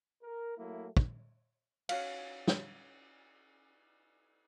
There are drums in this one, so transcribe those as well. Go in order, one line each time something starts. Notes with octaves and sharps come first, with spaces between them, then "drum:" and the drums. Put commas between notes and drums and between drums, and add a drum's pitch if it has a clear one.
A#4
F#3 A3 A#3 E4
drum: kick
C#4 F#4 F5, drum: cymbal
drum: snare